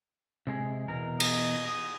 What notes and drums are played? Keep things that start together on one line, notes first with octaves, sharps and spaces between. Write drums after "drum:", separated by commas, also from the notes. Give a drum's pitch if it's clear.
C3 G#3 G#4
E2 B2 A#4
D#5, drum: cymbal
D#6